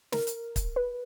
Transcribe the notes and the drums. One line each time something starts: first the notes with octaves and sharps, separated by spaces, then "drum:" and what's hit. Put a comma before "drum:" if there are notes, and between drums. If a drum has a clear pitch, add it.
A#4, drum: snare
drum: hi-hat
drum: kick, hi-hat
B4